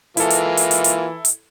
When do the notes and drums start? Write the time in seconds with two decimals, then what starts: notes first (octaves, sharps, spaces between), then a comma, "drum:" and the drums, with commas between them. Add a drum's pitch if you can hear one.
0.17 E3 G#3 A#3 E4 F4 A4, drum: hi-hat
0.30 drum: hi-hat
0.57 drum: hi-hat
0.71 drum: hi-hat
0.84 drum: hi-hat
1.25 drum: hi-hat